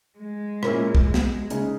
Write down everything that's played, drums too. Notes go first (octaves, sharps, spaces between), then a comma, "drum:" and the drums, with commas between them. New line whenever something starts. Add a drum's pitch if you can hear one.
G#3
A#2 A#3 C#4 E4, drum: rim click
drum: kick
drum: snare
C#3 G#3 D#4, drum: hi-hat